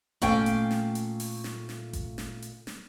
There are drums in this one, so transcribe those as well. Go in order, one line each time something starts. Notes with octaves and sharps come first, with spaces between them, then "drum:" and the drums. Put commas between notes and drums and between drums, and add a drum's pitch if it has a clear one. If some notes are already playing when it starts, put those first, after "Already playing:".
A#2 A3 C#4 F5 G5, drum: kick G#1, hi-hat
drum: hi-hat
drum: snare
drum: hi-hat
drum: open hi-hat
drum: snare
drum: snare
drum: kick G#1, hi-hat
drum: snare
drum: hi-hat
drum: snare